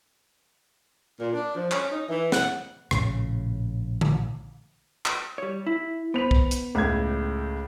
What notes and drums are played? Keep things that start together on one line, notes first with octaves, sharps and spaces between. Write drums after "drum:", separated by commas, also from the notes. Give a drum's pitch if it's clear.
A#2
D4
F3
C#4, drum: clap
D#4
E3
F#5, drum: snare
A#1 A2 C#3, drum: rim click
drum: tom D3
drum: clap
G3 C#5
E4
B3 B4 C5 F7
drum: kick C2
drum: hi-hat
C#2 A2 G#6